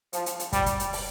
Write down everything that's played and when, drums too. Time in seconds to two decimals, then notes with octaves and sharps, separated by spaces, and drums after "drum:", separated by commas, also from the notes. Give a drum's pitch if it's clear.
0.13 F3, drum: hi-hat
0.26 drum: hi-hat
0.39 drum: hi-hat
0.53 G3, drum: kick, hi-hat
0.66 drum: kick, hi-hat
0.80 drum: hi-hat
0.93 drum: open hi-hat